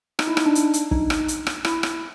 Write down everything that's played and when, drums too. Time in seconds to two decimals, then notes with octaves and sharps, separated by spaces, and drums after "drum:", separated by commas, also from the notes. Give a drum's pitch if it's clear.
0.19 D#4, drum: rim click
0.27 E4
0.37 D#4, drum: rim click
0.46 D4
0.55 drum: hi-hat
0.74 drum: hi-hat
0.91 D#4, drum: kick
1.10 drum: rim click
1.28 drum: hi-hat
1.47 drum: rim click
1.65 E4, drum: rim click
1.83 drum: rim click